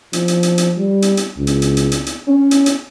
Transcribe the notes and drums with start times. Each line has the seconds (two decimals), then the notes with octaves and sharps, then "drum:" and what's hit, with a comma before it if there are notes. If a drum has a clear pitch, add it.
0.13 F3, drum: hi-hat
0.28 drum: hi-hat
0.43 drum: hi-hat
0.58 drum: hi-hat
0.78 G3
1.02 drum: hi-hat
1.17 drum: hi-hat
1.38 C#2
1.47 drum: hi-hat
1.62 drum: hi-hat
1.77 drum: hi-hat
1.92 drum: hi-hat
2.06 drum: hi-hat
2.28 C#4
2.51 drum: hi-hat
2.66 drum: hi-hat